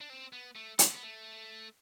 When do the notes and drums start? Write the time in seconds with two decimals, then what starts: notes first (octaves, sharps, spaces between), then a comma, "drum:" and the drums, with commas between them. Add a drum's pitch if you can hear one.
0.01 D4
0.10 C4
0.33 B3
0.55 A3
0.79 D3, drum: hi-hat
0.92 B3
1.03 A3